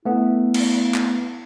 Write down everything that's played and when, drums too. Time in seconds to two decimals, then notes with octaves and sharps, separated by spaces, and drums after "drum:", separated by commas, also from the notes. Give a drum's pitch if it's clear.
0.05 A3 B3 E4
0.54 drum: cymbal
0.94 drum: clap